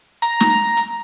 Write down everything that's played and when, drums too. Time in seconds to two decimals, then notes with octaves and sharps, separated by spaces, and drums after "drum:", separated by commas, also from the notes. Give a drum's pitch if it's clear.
0.22 A#5, drum: hi-hat
0.40 drum: snare
0.77 drum: hi-hat